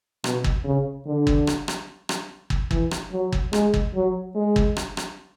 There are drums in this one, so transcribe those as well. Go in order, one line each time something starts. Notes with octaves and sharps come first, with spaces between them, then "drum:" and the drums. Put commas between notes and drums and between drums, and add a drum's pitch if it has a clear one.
B2, drum: rim click
drum: kick
C#3
D3
drum: kick
drum: rim click
drum: rim click
drum: rim click
drum: kick
E3, drum: kick
drum: rim click
F#3
drum: kick
G#3, drum: rim click
drum: kick
F#3
G#3
drum: kick
drum: rim click
drum: rim click